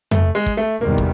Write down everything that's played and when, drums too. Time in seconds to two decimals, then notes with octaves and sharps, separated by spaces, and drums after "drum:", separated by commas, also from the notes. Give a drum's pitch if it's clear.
0.11 A3, drum: tom
0.35 G#3
0.46 drum: kick
0.57 A3
0.81 E2 C3 D#3 G3 A#3
0.98 drum: kick